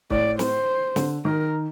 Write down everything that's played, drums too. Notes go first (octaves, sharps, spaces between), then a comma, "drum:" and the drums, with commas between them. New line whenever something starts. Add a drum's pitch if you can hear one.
A2 D5, drum: kick C#1
C5, drum: snare
D3, drum: snare
D#3 A#4